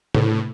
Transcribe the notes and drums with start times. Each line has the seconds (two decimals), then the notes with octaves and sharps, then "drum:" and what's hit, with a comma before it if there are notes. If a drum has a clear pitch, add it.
0.15 A2, drum: tom